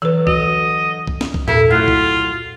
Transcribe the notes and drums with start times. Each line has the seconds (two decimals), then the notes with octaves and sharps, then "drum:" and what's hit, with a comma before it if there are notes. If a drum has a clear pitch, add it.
0.02 D3 E3 F#3 B4
0.27 F#4 D#5, drum: kick C2
1.07 drum: kick C2
1.21 drum: snare C#4
1.34 drum: kick C2
1.48 E2 A#2 E4 G4 A4 A#4, drum: tom G#2
1.71 A2 F#3 E4 F4 F6 F#6
1.88 drum: kick C2